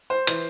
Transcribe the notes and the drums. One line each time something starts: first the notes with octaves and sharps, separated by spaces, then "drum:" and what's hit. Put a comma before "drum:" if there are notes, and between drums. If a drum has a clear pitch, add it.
C5
E3, drum: hi-hat